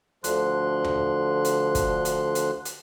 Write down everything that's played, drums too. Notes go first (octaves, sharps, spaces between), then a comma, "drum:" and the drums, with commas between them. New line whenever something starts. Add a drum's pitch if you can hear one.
D2 D3 F3 C6 F#6, drum: hi-hat
drum: tom D#2
drum: hi-hat
drum: kick, hi-hat
drum: hi-hat
drum: hi-hat
drum: hi-hat